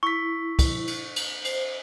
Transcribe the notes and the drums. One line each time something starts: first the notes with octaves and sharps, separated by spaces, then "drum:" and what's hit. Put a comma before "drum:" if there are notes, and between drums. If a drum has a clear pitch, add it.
E4 C#6 B6
drum: kick, cymbal
drum: cymbal
drum: cymbal
C5, drum: cymbal